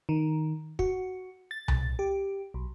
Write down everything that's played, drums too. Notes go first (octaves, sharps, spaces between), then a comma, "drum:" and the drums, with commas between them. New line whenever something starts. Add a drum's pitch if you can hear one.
D#3
F#4, drum: kick
A6
drum: tom C2
G4
B1